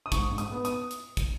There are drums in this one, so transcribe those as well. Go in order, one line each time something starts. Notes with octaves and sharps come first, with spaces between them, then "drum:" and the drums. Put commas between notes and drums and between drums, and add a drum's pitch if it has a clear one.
D#6
G#2 C#6, drum: kick, hi-hat
G#2
D#6, drum: hi-hat
B3
D#6, drum: hi-hat
drum: hi-hat
drum: kick, hi-hat